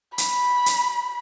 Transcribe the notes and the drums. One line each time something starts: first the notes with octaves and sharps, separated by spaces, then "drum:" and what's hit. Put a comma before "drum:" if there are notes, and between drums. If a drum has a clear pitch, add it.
B5, drum: hi-hat
drum: hi-hat